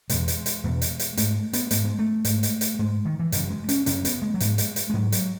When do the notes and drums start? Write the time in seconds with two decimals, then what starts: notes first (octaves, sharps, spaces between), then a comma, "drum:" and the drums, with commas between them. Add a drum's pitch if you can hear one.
0.09 E2 B2 G#3, drum: hi-hat
0.28 drum: hi-hat
0.46 drum: hi-hat
0.64 E2 B2
0.82 drum: hi-hat
0.99 drum: hi-hat
1.17 G#2 A3, drum: hi-hat
1.53 B3, drum: hi-hat
1.71 G#2 A3, drum: hi-hat
1.85 G#3
1.99 A3
2.25 G#2, drum: hi-hat
2.43 drum: hi-hat
2.61 drum: hi-hat
2.79 G#2 G#3
3.05 D#3
3.19 E3
3.32 F#2 C#3, drum: hi-hat
3.50 G#3
3.69 C#4, drum: hi-hat
3.86 F#2 C#3 C#4, drum: hi-hat
4.05 B3, drum: hi-hat
4.22 G#3
4.34 F#3
4.40 G#2, drum: hi-hat
4.46 G#3
4.58 drum: hi-hat
4.76 drum: hi-hat
4.90 G#3
4.94 G#2 F#3
5.12 F#3, drum: hi-hat